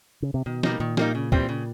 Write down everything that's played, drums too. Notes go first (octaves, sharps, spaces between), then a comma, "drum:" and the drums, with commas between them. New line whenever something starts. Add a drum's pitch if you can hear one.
C#3
C3
B2 D#3
G3 A#3 D#4, drum: snare
A#2 D#3
G3 A#3 D#4, drum: snare
C#3
E3 G3 C4, drum: kick
C#3